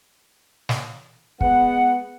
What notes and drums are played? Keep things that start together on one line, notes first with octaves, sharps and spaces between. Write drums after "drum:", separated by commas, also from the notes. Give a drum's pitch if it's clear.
drum: snare
G#3 B3 F#5, drum: kick